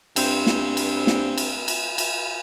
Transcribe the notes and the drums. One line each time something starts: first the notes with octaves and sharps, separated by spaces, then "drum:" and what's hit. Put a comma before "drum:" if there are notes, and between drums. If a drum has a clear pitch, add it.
G2 C4, drum: cymbal
drum: snare
drum: cymbal
drum: snare
drum: cymbal
drum: cymbal
drum: cymbal